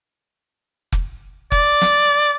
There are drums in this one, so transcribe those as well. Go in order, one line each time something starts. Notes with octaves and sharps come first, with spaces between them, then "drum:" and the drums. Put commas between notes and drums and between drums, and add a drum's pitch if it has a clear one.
drum: kick F1
D5, drum: kick F1
drum: snare